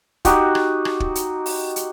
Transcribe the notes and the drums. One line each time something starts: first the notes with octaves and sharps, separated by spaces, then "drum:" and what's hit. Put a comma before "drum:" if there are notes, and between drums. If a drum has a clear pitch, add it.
D#4 F#4 G4, drum: kick, hi-hat
drum: rim click
drum: rim click
drum: kick
drum: hi-hat
drum: open hi-hat
drum: hi-hat